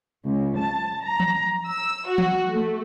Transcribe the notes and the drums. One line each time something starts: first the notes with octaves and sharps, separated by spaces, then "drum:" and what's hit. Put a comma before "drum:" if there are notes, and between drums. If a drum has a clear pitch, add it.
C#2
A5
A#5
drum: tom E3
E6
F#4
drum: tom E3
A3